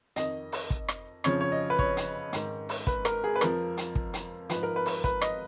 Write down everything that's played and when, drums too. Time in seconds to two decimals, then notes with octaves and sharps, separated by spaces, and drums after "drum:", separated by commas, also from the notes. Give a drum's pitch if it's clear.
0.16 F2 D#3 D#5, drum: hi-hat
0.52 drum: open hi-hat
0.70 drum: kick
0.88 drum: rim click
1.24 F2 C#3 F3 C#5, drum: rim click
1.41 C#5
1.52 D#5
1.70 B4
1.79 C#5, drum: kick
1.97 drum: hi-hat
2.33 G#2 D#3, drum: hi-hat
2.69 drum: open hi-hat
2.87 B4, drum: kick
3.05 A#4, drum: rim click
3.24 G#4
3.36 B4
3.41 F2 F3 A#4, drum: rim click
3.77 drum: hi-hat
3.95 drum: kick
4.13 drum: hi-hat
4.49 G#2 F3 B4, drum: hi-hat
4.63 A#4
4.76 B4
4.86 drum: open hi-hat
5.04 B4, drum: kick
5.21 D#5, drum: rim click